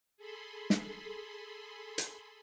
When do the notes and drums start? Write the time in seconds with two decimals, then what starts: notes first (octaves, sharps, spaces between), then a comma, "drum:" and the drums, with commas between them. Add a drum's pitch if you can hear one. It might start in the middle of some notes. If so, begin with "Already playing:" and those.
0.17 G#4 A4 B5 C6
0.70 drum: snare
1.98 drum: hi-hat